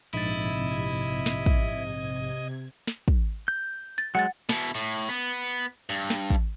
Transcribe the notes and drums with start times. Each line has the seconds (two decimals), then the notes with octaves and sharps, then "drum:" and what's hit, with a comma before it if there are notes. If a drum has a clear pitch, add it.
0.14 A#1 G#2 C3 E4 D#5 G#6 A6
1.26 drum: snare
1.46 drum: kick
2.87 drum: snare
3.08 drum: kick
3.48 G6
3.98 A6
4.15 F#3 G#3 F#5 A6
4.49 B2 E4, drum: snare
4.75 A2
5.09 B3
5.89 G2
6.10 drum: snare
6.30 drum: kick